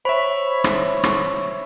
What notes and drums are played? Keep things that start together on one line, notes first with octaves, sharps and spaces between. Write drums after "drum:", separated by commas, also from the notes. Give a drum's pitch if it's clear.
C5 C#5 E5 B5
drum: rim click
drum: rim click